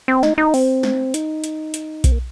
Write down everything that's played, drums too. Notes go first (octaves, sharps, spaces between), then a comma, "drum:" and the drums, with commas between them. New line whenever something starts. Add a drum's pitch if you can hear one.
C4
D#4, drum: snare
D#4
C4, drum: open hi-hat
drum: snare
D#4, drum: hi-hat
drum: hi-hat
drum: hi-hat
C4, drum: kick B1, hi-hat
A#3